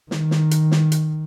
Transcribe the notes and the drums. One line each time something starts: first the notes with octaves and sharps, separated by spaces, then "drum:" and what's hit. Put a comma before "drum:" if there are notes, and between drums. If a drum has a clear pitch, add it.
D#3, drum: snare
drum: snare
drum: hi-hat
drum: snare
drum: hi-hat